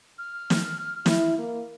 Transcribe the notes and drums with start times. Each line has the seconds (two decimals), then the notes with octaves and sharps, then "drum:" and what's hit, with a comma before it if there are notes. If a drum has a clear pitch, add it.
0.18 F6
0.50 drum: snare
1.06 E4, drum: snare
1.38 A#3